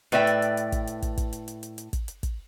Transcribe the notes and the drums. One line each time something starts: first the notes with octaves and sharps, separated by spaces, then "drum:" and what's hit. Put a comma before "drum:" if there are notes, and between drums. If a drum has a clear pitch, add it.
A2 B4 D5 E5 G5, drum: hi-hat
drum: hi-hat
drum: hi-hat
drum: hi-hat
drum: kick, hi-hat
drum: hi-hat
drum: kick, hi-hat
drum: kick, hi-hat
drum: hi-hat
drum: hi-hat
drum: hi-hat
drum: hi-hat
drum: kick, hi-hat
drum: hi-hat
drum: kick, hi-hat